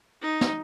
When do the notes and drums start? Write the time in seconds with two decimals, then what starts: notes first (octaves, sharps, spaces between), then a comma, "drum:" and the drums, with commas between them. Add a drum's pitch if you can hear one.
0.22 D#4
0.41 drum: snare